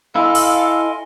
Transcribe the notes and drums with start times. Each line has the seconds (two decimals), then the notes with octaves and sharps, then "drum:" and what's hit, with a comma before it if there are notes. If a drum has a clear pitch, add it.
0.16 E4 A4 D#5 F5 G#5 C6
0.35 drum: open hi-hat